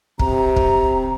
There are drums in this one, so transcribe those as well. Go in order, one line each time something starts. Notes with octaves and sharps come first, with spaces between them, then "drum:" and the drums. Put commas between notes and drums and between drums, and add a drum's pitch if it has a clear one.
C3 A#5, drum: kick
drum: kick